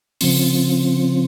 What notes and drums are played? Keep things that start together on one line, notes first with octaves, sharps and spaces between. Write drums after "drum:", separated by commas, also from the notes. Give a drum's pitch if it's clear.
C#3 F3 C4, drum: open hi-hat